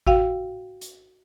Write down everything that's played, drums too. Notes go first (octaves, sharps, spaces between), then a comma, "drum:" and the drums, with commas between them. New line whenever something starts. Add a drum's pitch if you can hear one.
F#4 F5 G5, drum: kick G#1
drum: hi-hat